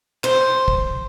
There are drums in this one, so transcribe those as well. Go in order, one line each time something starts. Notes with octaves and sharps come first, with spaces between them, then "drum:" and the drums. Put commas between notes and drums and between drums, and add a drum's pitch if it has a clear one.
C5, drum: clap
drum: kick